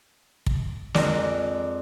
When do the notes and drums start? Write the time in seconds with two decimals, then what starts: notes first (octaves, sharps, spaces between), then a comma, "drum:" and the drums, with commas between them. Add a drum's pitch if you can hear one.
0.46 drum: kick
0.94 F2 G#3 D4 A#4 D5, drum: snare